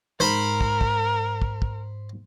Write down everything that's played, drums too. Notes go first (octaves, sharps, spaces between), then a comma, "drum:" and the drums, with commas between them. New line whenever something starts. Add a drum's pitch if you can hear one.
G#2 A#4 C5 B5
drum: kick
drum: kick
drum: kick
drum: kick